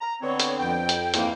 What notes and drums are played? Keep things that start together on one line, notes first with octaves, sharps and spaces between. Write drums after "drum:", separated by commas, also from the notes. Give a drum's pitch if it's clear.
A#5
D3 B3 C4 C#5
drum: hi-hat
F2 G5
drum: hi-hat
E2 G#2 A#3, drum: hi-hat